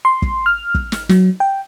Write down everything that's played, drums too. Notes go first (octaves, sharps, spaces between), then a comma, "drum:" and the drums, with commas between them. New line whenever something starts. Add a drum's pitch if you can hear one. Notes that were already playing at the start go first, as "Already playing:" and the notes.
C6
drum: kick
F6
drum: kick
drum: snare
F#3, drum: snare
G5